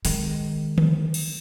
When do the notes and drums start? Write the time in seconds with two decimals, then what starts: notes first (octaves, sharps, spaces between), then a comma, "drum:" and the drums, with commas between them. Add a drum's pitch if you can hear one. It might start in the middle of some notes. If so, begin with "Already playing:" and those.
0.05 D#3 G#3, drum: open hi-hat
0.78 drum: tom D3
1.14 drum: cymbal